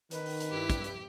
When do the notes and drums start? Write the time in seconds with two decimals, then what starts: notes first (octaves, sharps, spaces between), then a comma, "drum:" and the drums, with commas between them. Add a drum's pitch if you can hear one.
0.11 D#3 B4, drum: hi-hat
0.26 drum: open hi-hat
0.40 drum: hi-hat
0.51 G2 E4 G4 B6
0.70 drum: kick, hi-hat
0.84 drum: hi-hat